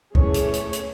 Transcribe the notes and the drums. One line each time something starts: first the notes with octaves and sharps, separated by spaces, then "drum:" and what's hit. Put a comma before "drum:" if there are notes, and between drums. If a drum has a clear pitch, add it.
E3 A3 C#4 G#4 C#5, drum: kick
drum: hi-hat
drum: hi-hat
drum: hi-hat